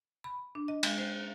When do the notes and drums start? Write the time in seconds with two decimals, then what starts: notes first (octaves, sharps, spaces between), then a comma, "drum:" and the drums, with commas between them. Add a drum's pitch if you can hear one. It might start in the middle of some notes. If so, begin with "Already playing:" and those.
0.24 B5
0.55 D4
0.68 D#5
0.83 G#3, drum: cymbal
0.98 C5